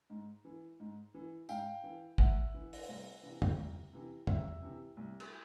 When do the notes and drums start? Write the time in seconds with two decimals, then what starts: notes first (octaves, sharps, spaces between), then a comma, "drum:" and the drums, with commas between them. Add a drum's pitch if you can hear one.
0.10 G#2
0.45 E3
0.80 G#2
1.14 E3
1.49 G#2 F5 G5, drum: tambourine
1.84 E3
2.18 G#2 E5 F#5, drum: kick
2.54 E3
2.73 drum: open hi-hat
2.88 C2
3.23 C3 E3
3.42 drum: tom
3.58 C2
3.93 C3 E3
4.27 C2 E5, drum: tom
4.62 C3 E3
4.97 C2
5.20 drum: cymbal